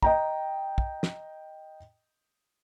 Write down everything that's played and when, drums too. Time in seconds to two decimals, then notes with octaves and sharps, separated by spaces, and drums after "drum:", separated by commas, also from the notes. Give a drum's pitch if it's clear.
0.02 D#5 G5 A#5, drum: kick
0.78 drum: kick
1.03 drum: snare